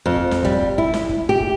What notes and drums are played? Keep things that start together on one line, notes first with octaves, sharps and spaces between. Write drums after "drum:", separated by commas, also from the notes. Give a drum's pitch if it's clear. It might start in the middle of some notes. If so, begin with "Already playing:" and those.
F2
drum: kick
drum: snare
G3, drum: kick
drum: kick
E4, drum: kick
drum: snare
drum: kick
G4
drum: kick